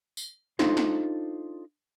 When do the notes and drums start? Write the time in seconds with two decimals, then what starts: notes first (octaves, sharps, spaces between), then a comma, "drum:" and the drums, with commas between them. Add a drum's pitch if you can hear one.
0.17 drum: tambourine
0.59 D4 D#4 F4 A4 C5, drum: snare
0.77 drum: snare